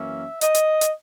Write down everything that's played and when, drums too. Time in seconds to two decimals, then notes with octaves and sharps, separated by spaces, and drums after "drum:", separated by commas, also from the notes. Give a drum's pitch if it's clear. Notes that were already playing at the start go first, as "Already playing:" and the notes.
Already playing: F#2 E3 A#3 C#4 E5
0.41 D#5, drum: hi-hat
0.55 drum: hi-hat
0.81 drum: hi-hat